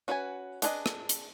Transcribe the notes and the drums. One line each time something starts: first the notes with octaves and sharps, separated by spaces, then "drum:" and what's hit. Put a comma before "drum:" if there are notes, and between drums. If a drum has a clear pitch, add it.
C#4 F#4 B4 C5 G#5
B3 D4 G#4 B4 D#5, drum: hi-hat
drum: rim click
drum: hi-hat